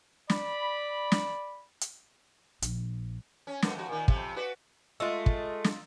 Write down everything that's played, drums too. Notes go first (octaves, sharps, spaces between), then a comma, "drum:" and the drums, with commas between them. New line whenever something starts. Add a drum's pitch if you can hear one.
D5 B5, drum: snare
drum: snare
drum: hi-hat
A#1, drum: hi-hat
C#4
B2 D3 A#3, drum: snare
F2 F#4
A#2 D#3
F2 C3, drum: kick
F#4 B4 D5
G#3 A3 F4 D#5 E6
drum: kick
drum: snare